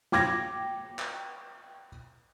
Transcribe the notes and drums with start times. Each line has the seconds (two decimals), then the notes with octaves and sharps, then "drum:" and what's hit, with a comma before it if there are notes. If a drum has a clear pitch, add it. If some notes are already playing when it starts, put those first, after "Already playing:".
0.12 G5 D6 G#6 A#6, drum: snare
0.99 drum: clap